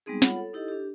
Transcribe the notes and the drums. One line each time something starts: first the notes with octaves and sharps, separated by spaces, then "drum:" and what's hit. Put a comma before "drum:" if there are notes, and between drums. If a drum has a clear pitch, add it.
G3 G#3 B3 C4 D#4 G#4
F4 C#5 F#5 B5, drum: snare
A4
D#4 E4 G4 A4 D#5
D4 G4